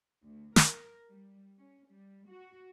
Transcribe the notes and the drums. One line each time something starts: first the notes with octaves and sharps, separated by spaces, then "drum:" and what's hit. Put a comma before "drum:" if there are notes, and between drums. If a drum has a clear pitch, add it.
D2
A#4, drum: snare
G3
C#4
G3
F#4